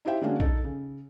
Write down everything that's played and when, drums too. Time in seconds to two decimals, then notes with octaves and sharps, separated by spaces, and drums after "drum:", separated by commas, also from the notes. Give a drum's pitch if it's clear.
0.05 D#4 E4 G4 C5 E5 G5
0.21 D3 G#3 A#3 C#4 D4 F#4
0.40 D#4 A4, drum: kick
0.64 C#3